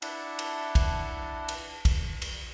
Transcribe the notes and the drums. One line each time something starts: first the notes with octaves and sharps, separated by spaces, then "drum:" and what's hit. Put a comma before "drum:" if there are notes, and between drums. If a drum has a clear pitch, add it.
D4 E4 F#5 A5, drum: cymbal
drum: cymbal
drum: kick, cymbal
drum: cymbal
drum: kick, cymbal
drum: cymbal